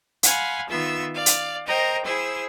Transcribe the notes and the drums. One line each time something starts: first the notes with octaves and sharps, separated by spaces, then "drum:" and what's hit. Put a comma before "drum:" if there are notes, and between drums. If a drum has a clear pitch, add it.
F5 F#5 G#5 B5 C6, drum: hi-hat
D#3 B3 F4 E5 E6
D5 F5
drum: hi-hat
A#4 C5 D#5 G5 A#5
E4 G#4 C5 E6